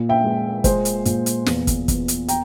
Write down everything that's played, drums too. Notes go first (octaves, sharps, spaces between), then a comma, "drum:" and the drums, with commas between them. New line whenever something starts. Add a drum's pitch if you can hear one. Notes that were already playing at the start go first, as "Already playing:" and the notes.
Already playing: A#2
E5 G5
G#3
G#3 C5, drum: kick, hi-hat
drum: hi-hat
A#2, drum: hi-hat
drum: hi-hat
E2, drum: snare
drum: kick, hi-hat
E2, drum: kick, hi-hat
drum: hi-hat
G5 A#5, drum: hi-hat